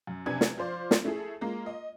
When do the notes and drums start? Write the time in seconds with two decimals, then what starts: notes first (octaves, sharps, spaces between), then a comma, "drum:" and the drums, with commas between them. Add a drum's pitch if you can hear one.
0.07 F#2
0.26 F2 C3 D4 B4 G#5 G#6
0.41 drum: snare
0.57 F3 F4 C5 D5
0.91 drum: snare
1.04 A3 E4 G#4 A4
1.41 G#3 A#3 F4
1.66 D#5